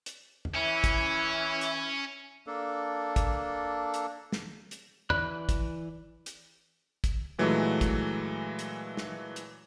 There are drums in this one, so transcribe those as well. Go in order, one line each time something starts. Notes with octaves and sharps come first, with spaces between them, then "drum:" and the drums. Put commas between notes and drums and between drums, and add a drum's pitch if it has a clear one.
drum: hi-hat
drum: tom E2
E3 C#4 E4
drum: kick, hi-hat
drum: hi-hat
A#3 D4 A4
drum: kick, hi-hat
drum: hi-hat
drum: snare
drum: hi-hat
E3 D5 B5 F#6, drum: tom E2
drum: kick, hi-hat
drum: hi-hat
drum: kick, hi-hat
A#2 E3 F#3 G#3 A3
drum: kick, hi-hat
drum: hi-hat
drum: snare
drum: hi-hat